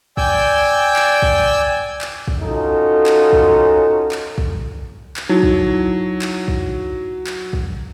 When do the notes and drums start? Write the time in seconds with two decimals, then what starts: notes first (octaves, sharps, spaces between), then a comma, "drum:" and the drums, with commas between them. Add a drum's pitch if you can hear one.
0.17 D5 G5 G#5 E6 G6, drum: kick
0.96 drum: clap
1.22 drum: kick
2.01 drum: clap
2.28 drum: kick
2.42 C#4 D#4 F4 F#4 A4
3.06 drum: clap
3.33 drum: kick
4.12 drum: clap
4.38 drum: kick
5.17 drum: clap
5.29 F#3 D#4 E4
5.43 drum: kick
6.22 drum: clap
6.48 drum: kick
7.27 drum: clap
7.53 drum: kick